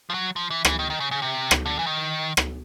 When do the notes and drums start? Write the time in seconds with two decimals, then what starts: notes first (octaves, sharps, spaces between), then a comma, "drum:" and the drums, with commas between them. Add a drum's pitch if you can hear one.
0.10 F3
0.14 F#3
0.36 F3
0.50 E3
0.65 E3, drum: rim click
0.79 D#3
0.90 D#3
1.00 C#3
1.11 C#3
1.22 C3
1.51 drum: rim click
1.66 D3
1.79 E3
1.86 D#3
2.37 drum: rim click